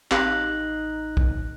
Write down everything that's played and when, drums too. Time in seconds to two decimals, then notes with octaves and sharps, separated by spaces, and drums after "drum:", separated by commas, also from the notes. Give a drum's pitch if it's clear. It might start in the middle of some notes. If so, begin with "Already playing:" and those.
0.11 A1 C4 D#4 G4 F5 F#6 A#6 F#7, drum: clap
1.17 drum: kick